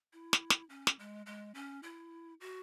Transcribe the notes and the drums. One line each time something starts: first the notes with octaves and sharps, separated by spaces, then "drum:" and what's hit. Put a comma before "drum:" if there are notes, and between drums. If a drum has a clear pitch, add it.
E4
drum: snare
drum: snare
C#4
drum: snare
G#3
G#3
C#4
E4
F#4